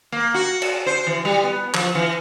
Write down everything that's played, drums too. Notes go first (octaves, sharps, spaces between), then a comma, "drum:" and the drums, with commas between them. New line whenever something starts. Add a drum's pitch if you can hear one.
A#3
F#4
drum: cymbal
C5
E3
G3
B3
F3, drum: clap
E3